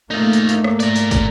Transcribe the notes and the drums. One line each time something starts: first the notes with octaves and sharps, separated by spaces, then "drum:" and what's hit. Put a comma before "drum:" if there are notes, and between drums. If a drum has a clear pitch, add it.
G#2 A3 A#3 D#4 F4
drum: tambourine
drum: tambourine
drum: rim click
A#4 D5, drum: tambourine
drum: tambourine
drum: kick, tambourine